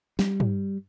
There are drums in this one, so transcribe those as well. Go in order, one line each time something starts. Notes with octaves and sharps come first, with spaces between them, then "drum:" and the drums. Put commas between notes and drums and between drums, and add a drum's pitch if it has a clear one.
G3, drum: snare
drum: tom